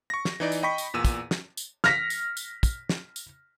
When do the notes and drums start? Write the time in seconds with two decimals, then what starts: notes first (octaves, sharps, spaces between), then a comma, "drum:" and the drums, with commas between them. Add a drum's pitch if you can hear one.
0.10 C#6 A#6
0.25 drum: snare
0.40 E3 D#4 D5
0.52 drum: tambourine
0.63 D#5 G5 B5 C#6 B6
0.78 drum: tambourine
0.94 E2 A#2 E6 D#7
1.05 drum: kick, tambourine
1.31 drum: snare
1.57 drum: tambourine
1.84 F6 A#6 B6, drum: snare
2.10 drum: tambourine
2.37 drum: tambourine
2.63 drum: kick, tambourine
2.89 drum: snare
3.16 drum: tambourine